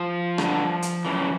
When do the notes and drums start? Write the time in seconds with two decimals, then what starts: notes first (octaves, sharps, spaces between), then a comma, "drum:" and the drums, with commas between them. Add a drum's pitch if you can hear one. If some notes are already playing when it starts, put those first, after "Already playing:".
Already playing: F3
0.38 G2 D3, drum: rim click
0.82 drum: hi-hat
1.05 F#2 C#3 E3